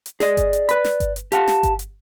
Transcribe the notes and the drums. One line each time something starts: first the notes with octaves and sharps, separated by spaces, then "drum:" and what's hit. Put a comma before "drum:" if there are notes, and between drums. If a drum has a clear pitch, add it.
drum: hi-hat
G#4 D5 D#5, drum: snare
drum: kick G1, hi-hat
drum: hi-hat
B4 B5, drum: hi-hat
drum: snare
drum: kick G1, hi-hat
drum: hi-hat
G4 F5 F#5 A5, drum: hi-hat
drum: snare
drum: kick G1, hi-hat
drum: hi-hat